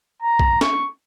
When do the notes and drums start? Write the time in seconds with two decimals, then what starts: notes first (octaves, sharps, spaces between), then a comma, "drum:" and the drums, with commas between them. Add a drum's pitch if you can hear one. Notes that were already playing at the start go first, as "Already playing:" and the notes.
0.22 A#5
0.39 drum: kick
0.61 C#6, drum: snare C#4